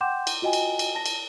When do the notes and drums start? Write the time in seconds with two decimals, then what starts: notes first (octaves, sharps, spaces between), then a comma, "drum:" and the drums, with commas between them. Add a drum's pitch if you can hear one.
0.01 F#5 G5 C6 D6 G6 E7
0.27 drum: cymbal
0.42 F4 F#4 D#5 G5 G#5
0.53 drum: cymbal
0.79 drum: cymbal
0.95 A5 A#6
1.06 drum: cymbal